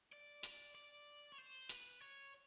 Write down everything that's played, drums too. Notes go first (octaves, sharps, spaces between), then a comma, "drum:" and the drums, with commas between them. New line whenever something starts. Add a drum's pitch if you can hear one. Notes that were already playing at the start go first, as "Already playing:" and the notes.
D5
D5, drum: hi-hat
D5
C#5
C5
B4, drum: hi-hat
C#5